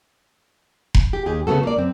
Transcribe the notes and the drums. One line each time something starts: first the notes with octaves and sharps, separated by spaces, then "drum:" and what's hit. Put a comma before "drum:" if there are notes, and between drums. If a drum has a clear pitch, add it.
drum: kick F1
G4
D#2 G4 G#4
C#3 A3 B3 F#4 A4
A#3 D5
F#2 C4